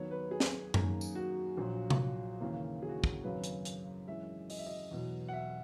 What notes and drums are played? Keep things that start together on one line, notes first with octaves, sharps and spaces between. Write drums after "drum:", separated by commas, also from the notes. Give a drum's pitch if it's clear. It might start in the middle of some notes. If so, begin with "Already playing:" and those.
Already playing: D#2 D#3 F#3 B3 C#5
B4
G#4
drum: snare
F#2 D#3 A#3, drum: tom F#2
drum: tambourine
F#4
A#1 A#2 F#3
drum: tom C3
D#2 C#3 E3 A#3
G#4
F#4
F#4, drum: kick
G#1 F#2 C#3 F#3 B4
drum: hi-hat
drum: hi-hat
F#2 E3 G#3 E5
D#5, drum: open hi-hat
E5
D#5
E2 B2 F#3
F#5
E5